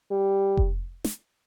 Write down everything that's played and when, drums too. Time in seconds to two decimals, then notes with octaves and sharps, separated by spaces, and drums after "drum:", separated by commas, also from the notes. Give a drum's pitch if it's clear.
0.11 G3
0.57 drum: kick F1
1.05 drum: snare